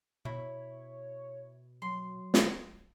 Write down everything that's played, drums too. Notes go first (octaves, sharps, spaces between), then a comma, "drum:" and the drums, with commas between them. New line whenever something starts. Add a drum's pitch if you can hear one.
B2 E4 C#5
F#3 C6
drum: snare